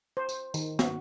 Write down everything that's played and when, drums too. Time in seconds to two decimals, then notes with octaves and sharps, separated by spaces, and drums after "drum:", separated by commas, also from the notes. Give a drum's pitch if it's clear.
0.17 C5
0.29 drum: tambourine
0.54 D#3, drum: tambourine
0.79 F#4, drum: snare